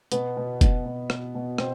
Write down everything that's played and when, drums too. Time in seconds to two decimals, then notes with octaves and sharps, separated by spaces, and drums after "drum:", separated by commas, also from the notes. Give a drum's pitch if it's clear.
0.12 B2 B3 B4, drum: hi-hat
0.37 B2
0.61 B2, drum: kick F1, hi-hat
0.86 B2
1.10 B2, drum: rim click
1.35 B2
1.58 B2 C4 C5, drum: rim click